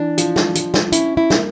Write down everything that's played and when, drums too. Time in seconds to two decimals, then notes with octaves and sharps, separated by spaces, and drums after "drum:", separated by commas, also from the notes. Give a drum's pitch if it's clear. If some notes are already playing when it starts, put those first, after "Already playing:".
Already playing: E3 D4
0.18 F3, drum: hi-hat
0.36 drum: snare
0.55 F3, drum: hi-hat
0.74 drum: snare
0.92 C#4 E4, drum: hi-hat
1.17 E4
1.30 A#3, drum: snare